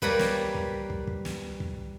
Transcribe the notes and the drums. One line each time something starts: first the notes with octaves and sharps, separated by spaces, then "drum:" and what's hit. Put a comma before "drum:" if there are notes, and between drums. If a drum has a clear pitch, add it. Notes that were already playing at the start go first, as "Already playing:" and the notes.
G3 A#3 B4 C#5 D5 A#5, drum: kick
drum: snare
drum: kick
drum: kick
drum: kick
drum: snare
drum: kick